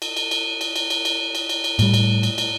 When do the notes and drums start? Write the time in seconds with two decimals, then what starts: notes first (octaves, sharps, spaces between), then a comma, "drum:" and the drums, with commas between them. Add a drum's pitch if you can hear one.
0.02 drum: cymbal
0.17 drum: cymbal
0.31 drum: cymbal
0.61 drum: cymbal
0.76 drum: cymbal
0.90 drum: cymbal
1.05 drum: cymbal
1.35 drum: cymbal
1.49 drum: cymbal
1.64 drum: cymbal
1.79 A2 G3, drum: cymbal
1.94 drum: cymbal
2.23 drum: cymbal
2.38 drum: cymbal